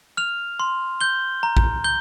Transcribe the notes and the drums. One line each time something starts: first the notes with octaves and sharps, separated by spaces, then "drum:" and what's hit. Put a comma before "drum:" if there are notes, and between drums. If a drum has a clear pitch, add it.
F6 F7
C6
G6 G7
A#5
drum: kick A1
G6 G7